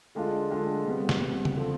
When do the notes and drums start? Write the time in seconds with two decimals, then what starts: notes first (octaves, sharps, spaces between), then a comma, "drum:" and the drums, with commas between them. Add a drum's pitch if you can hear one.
0.15 D3 G#3 D4 F4
0.50 D3 G#3 D4 F4
0.85 C3 G3 B3
1.09 drum: snare
1.19 C3 G3 B3
1.45 drum: tom C#3
1.56 D3 F3 C4